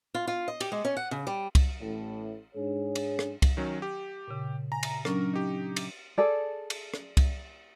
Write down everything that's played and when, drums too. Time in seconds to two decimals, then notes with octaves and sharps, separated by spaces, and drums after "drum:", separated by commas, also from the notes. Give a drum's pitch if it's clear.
0.14 F4
0.27 F4
0.48 D#5
0.61 G4, drum: cymbal
0.72 G#3
0.85 C#4
0.97 F#5
1.11 C#3
1.27 G3
1.55 drum: kick C2, cymbal
1.81 A1 A2
2.55 G#2 D4 G#4 C#5
2.95 drum: cymbal
3.19 drum: rim click
3.42 drum: kick C2, cymbal
3.57 D#3 F#3 C#4
3.82 G4
4.28 A#2 C#3
4.72 G#5 A#5
4.83 drum: cymbal
5.05 F#3 C#4 D4 A#4, drum: rim click
5.33 D#4 G4
5.76 drum: cymbal
6.18 G#4 A4 D5
6.70 drum: cymbal
6.94 drum: rim click
7.17 drum: kick C2, cymbal